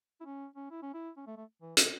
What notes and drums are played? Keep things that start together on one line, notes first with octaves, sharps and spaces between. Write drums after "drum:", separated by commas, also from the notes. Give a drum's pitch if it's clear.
E4
C#4
C#4
E4
C#4
E4
C#4
A3
A3
E3
C#3, drum: hi-hat